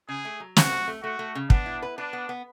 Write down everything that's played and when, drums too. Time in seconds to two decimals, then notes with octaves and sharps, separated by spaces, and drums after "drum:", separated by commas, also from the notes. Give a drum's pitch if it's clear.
0.09 C#3 G#4
0.25 A3
0.40 F#3
0.56 C#3 F#4, drum: snare
0.72 A3
0.88 A3
1.03 A3 F#4
1.19 A3
1.35 C#3
1.50 B3 D4, drum: kick
1.66 E4
1.82 B4
1.98 D4 B4
2.13 B3
2.29 B3